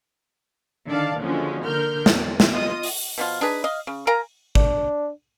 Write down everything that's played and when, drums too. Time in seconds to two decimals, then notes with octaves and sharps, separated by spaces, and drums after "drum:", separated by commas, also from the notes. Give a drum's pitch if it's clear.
0.87 D3 D#3 D5 F5 A5
1.19 D#2 D3 F3 F#3 G#3 C#4
1.65 D3 A#4 F6 G6
2.06 E2, drum: snare
2.40 drum: snare
2.52 F4 D#5 D#6
2.83 drum: open hi-hat
3.18 B2 F3 F4
3.41 D4 D#4 G#4 B4
3.64 D#5 F5
3.87 C#3
4.07 A#4 F5 G#5 A#5
4.55 D4, drum: kick G#1